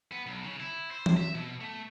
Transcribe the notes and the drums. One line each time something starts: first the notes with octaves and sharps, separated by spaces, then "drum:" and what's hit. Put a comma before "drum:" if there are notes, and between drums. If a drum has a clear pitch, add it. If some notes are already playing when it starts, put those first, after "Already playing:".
B3
B1
C#3
E4
C5
drum: tom E3
E5
B2
A3